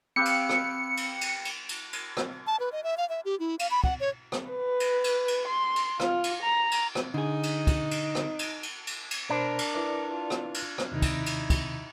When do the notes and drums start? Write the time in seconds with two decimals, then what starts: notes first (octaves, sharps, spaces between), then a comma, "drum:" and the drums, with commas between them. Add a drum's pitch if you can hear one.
0.16 C4 G4 B4 F5 B5 E6 C#7
0.25 drum: cymbal
0.49 drum: rim click
0.97 drum: cymbal
1.21 drum: cymbal
1.45 drum: cymbal
1.69 drum: cymbal
1.93 drum: cymbal
2.17 drum: rim click
2.47 A5
2.60 B4
2.72 D#5
2.84 E5
2.98 F5
3.09 E5
3.25 G4
3.40 E4
3.59 F5, drum: cymbal
3.71 B5
3.84 F#5, drum: kick
4.00 C#5
4.32 drum: rim click
4.50 B4
4.80 drum: cymbal
5.04 drum: cymbal
5.28 drum: cymbal
5.48 C6
5.76 drum: cymbal
6.00 F4, drum: rim click
6.24 drum: cymbal
6.43 A#5
6.71 drum: cymbal
6.95 drum: rim click
7.14 D3 D#4 G#4
7.43 drum: cymbal
7.67 drum: kick, cymbal
7.91 drum: cymbal
8.15 drum: rim click
8.39 drum: cymbal
8.63 drum: cymbal
8.87 drum: cymbal
9.11 drum: cymbal
9.30 B2 D4 A#4 C5 B5
9.59 drum: cymbal
9.75 E4 B4 D5
10.11 F4
10.30 drum: rim click
10.54 drum: cymbal
10.78 drum: rim click
10.92 D#2 C3 D#3 D#4 E4
11.02 drum: kick, cymbal
11.26 drum: cymbal
11.50 drum: kick, cymbal